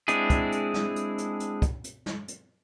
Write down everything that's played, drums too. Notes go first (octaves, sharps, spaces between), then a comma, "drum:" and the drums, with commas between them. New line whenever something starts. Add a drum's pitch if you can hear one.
G#3 C4 D4 E4 G#4, drum: hi-hat
drum: kick, hi-hat
drum: hi-hat
drum: snare
drum: hi-hat
drum: hi-hat
drum: hi-hat
drum: kick, hi-hat
drum: hi-hat
drum: snare
drum: hi-hat